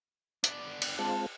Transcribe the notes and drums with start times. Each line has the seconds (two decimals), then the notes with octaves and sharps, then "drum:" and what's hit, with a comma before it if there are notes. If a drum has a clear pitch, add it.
0.44 B3 D4, drum: hi-hat
0.82 drum: cymbal
0.99 G#3 C4 F4 A5